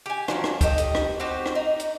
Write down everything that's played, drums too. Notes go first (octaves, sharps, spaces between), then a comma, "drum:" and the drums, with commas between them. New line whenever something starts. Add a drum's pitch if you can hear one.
G4 G#5
F3 F#3 C4 C#4, drum: rim click
drum: rim click
G4 A4 D#5, drum: kick C#2, hi-hat
drum: hi-hat
drum: rim click
C4 F#4 G4 C5
drum: rim click
D#4
drum: hi-hat